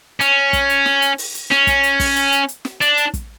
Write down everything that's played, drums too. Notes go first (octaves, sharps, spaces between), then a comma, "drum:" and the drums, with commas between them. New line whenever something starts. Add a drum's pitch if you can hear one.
C#4, drum: hi-hat
drum: kick, hi-hat
drum: hi-hat
drum: snare
drum: hi-hat
drum: open hi-hat
drum: hi-hat
C#4, drum: snare
drum: kick, hi-hat
drum: hi-hat
drum: kick, open hi-hat
drum: hi-hat
drum: hi-hat
drum: hi-hat
drum: snare
D4, drum: hi-hat
drum: hi-hat
drum: kick, hi-hat